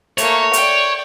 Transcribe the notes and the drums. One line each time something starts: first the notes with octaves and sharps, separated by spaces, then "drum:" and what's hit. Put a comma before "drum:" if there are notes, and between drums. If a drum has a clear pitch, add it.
A3 A#3 C#5, drum: hi-hat
D5 G5, drum: hi-hat